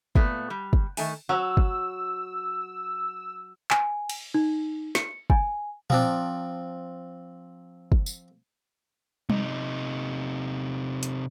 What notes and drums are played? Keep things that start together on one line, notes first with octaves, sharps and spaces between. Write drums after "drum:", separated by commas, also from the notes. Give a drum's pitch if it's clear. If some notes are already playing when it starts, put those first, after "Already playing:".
A#2 A3 B3, drum: kick
G3
drum: kick
D#3 A3 G#5, drum: open hi-hat
F#3 E6
drum: kick
G#5, drum: clap
drum: cymbal
D#4
C#7, drum: snare
G#5, drum: kick
F3 C4 D4, drum: tom A#2
drum: kick
drum: tambourine
C3 D#4, drum: tom G3
drum: hi-hat